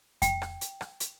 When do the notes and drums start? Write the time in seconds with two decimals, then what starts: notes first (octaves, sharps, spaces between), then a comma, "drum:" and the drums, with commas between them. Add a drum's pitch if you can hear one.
0.22 G5, drum: kick F2, hi-hat
0.42 drum: rim click
0.61 drum: hi-hat
0.81 drum: rim click
1.00 drum: hi-hat